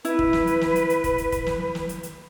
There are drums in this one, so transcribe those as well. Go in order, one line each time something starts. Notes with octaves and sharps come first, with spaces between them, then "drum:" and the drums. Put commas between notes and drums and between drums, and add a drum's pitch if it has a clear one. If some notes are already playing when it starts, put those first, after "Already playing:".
E4 B4, drum: hi-hat
drum: kick
drum: snare
drum: hi-hat
drum: snare
drum: hi-hat
drum: hi-hat
drum: kick, hi-hat
drum: hi-hat
drum: kick, hi-hat
drum: snare
drum: snare
drum: hi-hat
drum: hi-hat